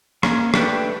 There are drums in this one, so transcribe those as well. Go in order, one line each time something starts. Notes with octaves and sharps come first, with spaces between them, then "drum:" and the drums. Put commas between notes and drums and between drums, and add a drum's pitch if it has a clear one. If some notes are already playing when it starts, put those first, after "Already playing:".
A#3 C#4, drum: rim click
A3 D4 G4 B4, drum: rim click